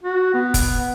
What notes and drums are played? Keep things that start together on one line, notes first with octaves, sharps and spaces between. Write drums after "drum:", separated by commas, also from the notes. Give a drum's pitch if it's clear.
F#4
B3
drum: kick F1, hi-hat